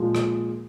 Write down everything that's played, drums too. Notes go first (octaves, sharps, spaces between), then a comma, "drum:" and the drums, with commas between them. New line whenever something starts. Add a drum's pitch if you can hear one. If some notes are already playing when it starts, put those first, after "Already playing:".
Already playing: A#2 F3 G#3
drum: rim click